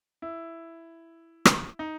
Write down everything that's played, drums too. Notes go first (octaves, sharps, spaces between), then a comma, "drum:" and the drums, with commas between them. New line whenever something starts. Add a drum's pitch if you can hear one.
E4
drum: rim click
D#4